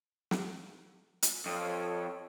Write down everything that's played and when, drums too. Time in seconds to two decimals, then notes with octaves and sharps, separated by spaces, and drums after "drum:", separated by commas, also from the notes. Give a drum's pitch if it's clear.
0.31 drum: snare
1.22 drum: hi-hat
1.46 F2 A4 C#5